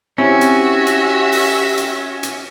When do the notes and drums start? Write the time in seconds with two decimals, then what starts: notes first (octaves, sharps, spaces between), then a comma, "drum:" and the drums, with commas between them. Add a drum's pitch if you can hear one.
0.18 C4 C#4 E4 F#4 G4 E5
0.41 drum: hi-hat
0.87 drum: hi-hat
1.32 drum: open hi-hat
1.77 drum: hi-hat
2.23 drum: hi-hat